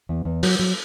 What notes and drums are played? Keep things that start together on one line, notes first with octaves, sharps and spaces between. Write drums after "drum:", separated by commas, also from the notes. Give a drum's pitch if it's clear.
E2
E2
F#3, drum: open hi-hat
F#3